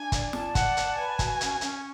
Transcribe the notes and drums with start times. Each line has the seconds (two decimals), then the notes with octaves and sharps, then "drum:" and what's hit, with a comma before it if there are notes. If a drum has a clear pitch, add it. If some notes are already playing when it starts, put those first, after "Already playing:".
Already playing: D4 G#5
0.12 D5, drum: kick, hi-hat
0.33 A5, drum: snare
0.55 D5 F#5, drum: kick, hi-hat
0.77 A5, drum: hi-hat
0.97 B4 G#5
1.19 F#4, drum: kick, hi-hat
1.41 C#4, drum: hi-hat
1.61 C#4, drum: hi-hat